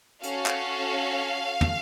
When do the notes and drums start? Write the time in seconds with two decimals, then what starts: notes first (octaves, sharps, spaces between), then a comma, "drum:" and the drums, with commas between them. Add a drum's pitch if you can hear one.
0.23 C#4 F#4 A4 F5, drum: hi-hat
0.46 drum: clap
1.61 drum: tom